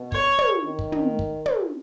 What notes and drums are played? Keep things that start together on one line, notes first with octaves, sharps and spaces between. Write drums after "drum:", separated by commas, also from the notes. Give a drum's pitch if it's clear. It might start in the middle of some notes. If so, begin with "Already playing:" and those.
Already playing: B2
C#5, drum: kick
drum: tom
D#3
drum: kick
drum: tom
drum: kick
drum: tom